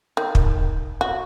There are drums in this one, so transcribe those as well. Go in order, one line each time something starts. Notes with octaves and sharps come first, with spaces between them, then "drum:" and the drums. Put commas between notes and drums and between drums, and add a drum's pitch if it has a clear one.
D#3
drum: kick
F#4